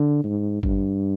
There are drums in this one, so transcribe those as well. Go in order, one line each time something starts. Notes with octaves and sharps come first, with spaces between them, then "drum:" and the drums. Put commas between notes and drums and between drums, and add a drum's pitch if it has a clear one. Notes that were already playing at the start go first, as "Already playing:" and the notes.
Already playing: D3
G#2
G2, drum: kick G#1